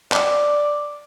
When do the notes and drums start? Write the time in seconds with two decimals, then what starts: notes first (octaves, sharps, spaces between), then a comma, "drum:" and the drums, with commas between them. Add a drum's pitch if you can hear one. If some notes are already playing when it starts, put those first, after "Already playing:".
0.12 D5, drum: clap